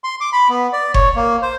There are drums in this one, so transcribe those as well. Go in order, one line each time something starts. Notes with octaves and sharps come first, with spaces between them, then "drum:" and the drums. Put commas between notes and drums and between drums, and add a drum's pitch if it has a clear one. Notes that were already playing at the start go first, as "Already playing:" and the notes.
C6
D6
B5
B3
D5
C#5, drum: kick F#1
A#3
C5